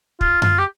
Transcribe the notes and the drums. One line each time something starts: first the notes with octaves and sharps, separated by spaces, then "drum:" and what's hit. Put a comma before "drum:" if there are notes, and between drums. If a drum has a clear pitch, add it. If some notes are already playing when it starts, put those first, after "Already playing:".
F4, drum: kick
F4, drum: tom F#2
G4